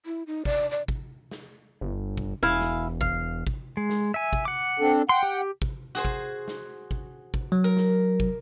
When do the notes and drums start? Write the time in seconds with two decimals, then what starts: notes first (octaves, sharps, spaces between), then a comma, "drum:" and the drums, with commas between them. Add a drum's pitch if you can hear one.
0.06 E4
0.27 D#4
0.45 D5, drum: kick
0.71 D5
0.88 drum: kick
1.31 drum: snare
1.81 G1
2.17 drum: kick
2.43 E1 E4 F5 G#5
2.61 drum: snare
3.01 F5, drum: kick
3.47 drum: kick
3.77 G#3
3.90 drum: snare
4.14 E5 G#5
4.33 drum: kick
4.45 F#5 D6
4.79 C4 D4 A4
5.09 F#5 G5 C6
5.23 G4
5.62 drum: kick
5.95 F#4 G#4 C5
6.05 drum: kick
6.48 drum: snare
6.91 drum: kick
7.34 drum: kick
7.52 F#3
7.64 A#4
7.77 drum: snare
8.20 drum: kick